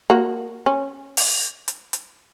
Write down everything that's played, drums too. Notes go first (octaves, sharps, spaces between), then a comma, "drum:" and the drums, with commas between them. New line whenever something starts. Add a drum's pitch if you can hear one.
A#3 F#4
C#4
drum: open hi-hat
drum: hi-hat
drum: hi-hat